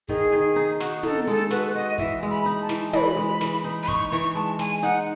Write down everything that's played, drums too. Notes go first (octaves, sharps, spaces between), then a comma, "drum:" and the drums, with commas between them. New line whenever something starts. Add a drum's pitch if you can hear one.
D#3 G#4, drum: kick
D#3
D#4
F#4, drum: snare
D#4 A4, drum: tom
G#3 A4
F#4 B4, drum: snare
F#4 D#5
E3 E5, drum: kick
G#3
B5
D#4
A5
E3, drum: snare
E3 B5, drum: tom
G#3
E3, drum: snare
D#4
B5
D#4 C#6, drum: kick
E3 C#6
G#3 A5
G#3 G#5, drum: snare
D#4 F#5